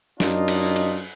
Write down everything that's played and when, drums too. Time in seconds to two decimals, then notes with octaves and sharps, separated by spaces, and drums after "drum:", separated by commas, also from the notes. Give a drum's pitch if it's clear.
0.20 F#2 D4 D#4 F4 D#5, drum: snare
0.48 drum: cymbal
0.76 drum: cymbal